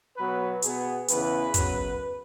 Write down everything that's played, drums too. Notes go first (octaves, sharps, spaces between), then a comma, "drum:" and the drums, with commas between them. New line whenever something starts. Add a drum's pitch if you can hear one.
B2 F#3 B3 B4
B2 B3 G#4, drum: hi-hat
E2 C#3 E3 B3 B4, drum: hi-hat
F#2 C#3 F#3 B3, drum: kick, hi-hat